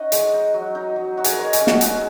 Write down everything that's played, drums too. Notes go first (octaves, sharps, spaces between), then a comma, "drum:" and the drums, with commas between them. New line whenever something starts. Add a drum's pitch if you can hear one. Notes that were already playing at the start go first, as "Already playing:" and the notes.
Already playing: C#4 D#4 D#5 F#5
G#3, drum: hi-hat
D#4
F#3
D#4
F#3
D#4 F#4
G#4, drum: hi-hat
A#4
G#3 C#5
G#4, drum: hi-hat
C#4
F#4, drum: snare
G#3 G#4, drum: hi-hat